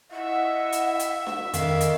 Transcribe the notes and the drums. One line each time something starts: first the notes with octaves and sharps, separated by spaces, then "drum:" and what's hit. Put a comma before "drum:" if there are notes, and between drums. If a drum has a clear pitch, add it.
E4 D#5 E5 F#5
drum: hi-hat
drum: hi-hat
drum: snare D4
F2 D#3 D4 A#4 D#5 F5, drum: hi-hat
drum: hi-hat